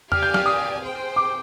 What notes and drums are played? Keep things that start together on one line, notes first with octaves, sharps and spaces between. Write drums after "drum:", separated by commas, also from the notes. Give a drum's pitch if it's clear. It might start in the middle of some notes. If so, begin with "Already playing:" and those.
G4 D5 F5 G#5 F6, drum: tom E2
G6
F6, drum: snare
D#6
G#4 C5 G5
D6